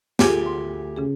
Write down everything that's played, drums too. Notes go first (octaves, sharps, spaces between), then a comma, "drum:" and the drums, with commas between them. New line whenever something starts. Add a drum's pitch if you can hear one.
D2 F4 G4 G#4 G#5 D6, drum: snare
C6
C#3 C#4 G#4